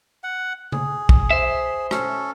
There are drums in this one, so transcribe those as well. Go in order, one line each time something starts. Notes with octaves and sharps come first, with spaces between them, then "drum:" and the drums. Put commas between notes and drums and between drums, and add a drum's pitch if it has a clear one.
F#5
G#4, drum: tom C#3
drum: kick
C5 E5
C#4 A4, drum: rim click